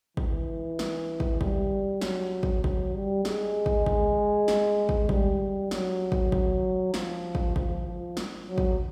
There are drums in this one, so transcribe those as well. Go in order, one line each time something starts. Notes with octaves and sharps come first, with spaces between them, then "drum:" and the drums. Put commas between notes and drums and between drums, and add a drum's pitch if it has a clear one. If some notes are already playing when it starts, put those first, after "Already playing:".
E3, drum: kick
drum: snare
drum: kick
G3, drum: kick
F#3, drum: snare
drum: kick
F#3, drum: kick
G3
G#3, drum: snare
drum: kick
drum: kick
drum: snare
drum: kick
G3, drum: kick
F#3, drum: snare
drum: kick
drum: kick
F3, drum: snare
drum: kick
F3, drum: kick
F3
drum: snare
F#3
drum: kick